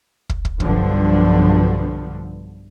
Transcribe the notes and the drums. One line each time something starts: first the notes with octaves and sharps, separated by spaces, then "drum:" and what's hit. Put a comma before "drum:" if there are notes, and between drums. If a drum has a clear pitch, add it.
drum: kick
drum: kick
B1 G2 D3 F3 B3, drum: kick